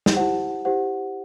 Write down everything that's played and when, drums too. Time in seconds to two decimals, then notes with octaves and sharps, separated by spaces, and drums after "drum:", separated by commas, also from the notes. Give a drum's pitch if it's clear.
0.06 drum: snare
0.16 E4 G4 C5 F#5
0.65 E4 G4 C5 F#5